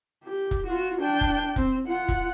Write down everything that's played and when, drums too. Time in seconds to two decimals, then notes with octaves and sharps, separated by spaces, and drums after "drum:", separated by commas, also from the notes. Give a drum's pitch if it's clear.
0.24 G4
0.51 drum: kick
0.66 F4 F#4
0.99 D4 G5
1.21 drum: kick
1.56 C4, drum: kick
1.87 F4 F#5
2.09 drum: kick